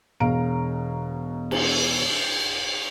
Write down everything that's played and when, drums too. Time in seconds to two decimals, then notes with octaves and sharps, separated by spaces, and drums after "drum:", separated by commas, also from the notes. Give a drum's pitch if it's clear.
0.20 E1 B2 F5 A#5 D7
1.51 drum: cymbal